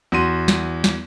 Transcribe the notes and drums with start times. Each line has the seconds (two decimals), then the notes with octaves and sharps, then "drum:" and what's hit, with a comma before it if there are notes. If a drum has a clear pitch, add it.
0.12 E2 F#4 C6 D#7
0.48 drum: snare
0.84 drum: snare